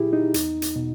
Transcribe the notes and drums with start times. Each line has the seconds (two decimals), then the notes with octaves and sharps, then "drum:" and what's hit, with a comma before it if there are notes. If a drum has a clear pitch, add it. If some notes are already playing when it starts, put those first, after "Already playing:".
Already playing: A#2 E4 G4 G#4
0.13 D#4
0.34 E2, drum: hi-hat
0.62 drum: hi-hat
0.76 B2